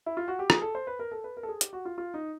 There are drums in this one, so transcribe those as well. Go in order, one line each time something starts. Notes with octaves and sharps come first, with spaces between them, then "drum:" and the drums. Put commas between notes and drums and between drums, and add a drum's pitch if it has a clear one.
E4
F4
F#4
G4
G#4, drum: rim click
A4
C5
B4
A#4
A4
B4
A#4
A4
G#4
G4, drum: hi-hat
F#4
F4
F4
D#4